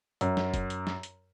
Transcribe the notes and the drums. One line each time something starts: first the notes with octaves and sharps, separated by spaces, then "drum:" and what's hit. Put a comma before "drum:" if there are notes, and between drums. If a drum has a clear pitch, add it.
F#2, drum: hi-hat
drum: snare
drum: kick, hi-hat
drum: hi-hat
drum: snare
drum: hi-hat